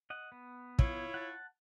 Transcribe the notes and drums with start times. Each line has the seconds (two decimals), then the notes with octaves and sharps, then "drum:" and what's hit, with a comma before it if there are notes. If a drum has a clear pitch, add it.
0.10 D#5 F#5
0.32 B3
0.79 E4 F4 C#5, drum: kick
1.14 F#5 A5